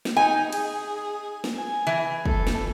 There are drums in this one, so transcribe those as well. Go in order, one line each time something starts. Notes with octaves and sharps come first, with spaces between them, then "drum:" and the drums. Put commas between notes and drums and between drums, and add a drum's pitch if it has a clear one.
drum: snare
D#4 G#5
G#4, drum: cymbal
drum: snare
G#5
E3
A4, drum: kick
drum: snare